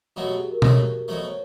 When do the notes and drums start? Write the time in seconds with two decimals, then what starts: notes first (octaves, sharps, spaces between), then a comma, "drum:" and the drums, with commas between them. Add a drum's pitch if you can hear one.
0.16 B2 F#3 A3 F#4
0.27 G4
0.39 G#4
0.51 A#4
0.62 B2 F#3 A3, drum: tom
1.08 B2 F#3 A3 C5
1.24 C#5